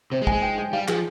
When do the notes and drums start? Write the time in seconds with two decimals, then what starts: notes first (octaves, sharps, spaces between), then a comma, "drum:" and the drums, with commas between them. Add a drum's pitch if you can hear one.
0.12 C3 C5
0.22 G#3
0.27 G#5, drum: kick
0.32 G#3
0.42 G5
0.58 G5
0.73 G3 F5
0.88 F3 G#4, drum: clap